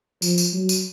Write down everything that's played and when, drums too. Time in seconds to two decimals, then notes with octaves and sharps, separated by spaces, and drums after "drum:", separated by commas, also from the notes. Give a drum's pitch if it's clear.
0.22 F3, drum: tambourine
0.38 drum: tambourine
0.53 F#3
0.69 drum: tambourine